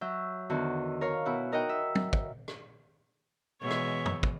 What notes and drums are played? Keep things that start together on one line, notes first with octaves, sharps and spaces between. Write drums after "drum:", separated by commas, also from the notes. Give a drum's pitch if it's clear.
F#3 E5 G6
E2 D3 D#3 F#4
A#4 C#5 F5
B2 E4 F#4
D#4 A#4 D#5 F#5 G5
E5
drum: tom
drum: kick
drum: rim click
B2 E3 G#3 C#5 E5
drum: rim click
drum: tom
drum: kick